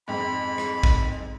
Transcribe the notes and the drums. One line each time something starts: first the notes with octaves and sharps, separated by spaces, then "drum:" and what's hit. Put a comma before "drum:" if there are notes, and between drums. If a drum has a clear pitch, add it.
F2 G#2 C4 G5 B5
drum: rim click
drum: kick